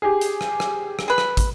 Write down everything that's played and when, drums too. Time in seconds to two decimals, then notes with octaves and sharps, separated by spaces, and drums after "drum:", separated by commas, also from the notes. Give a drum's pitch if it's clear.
0.02 G4 G#4
0.21 drum: hi-hat
0.41 drum: rim click
0.60 drum: rim click
0.99 drum: rim click
1.08 G#4 B4
1.18 drum: rim click
1.37 drum: kick, hi-hat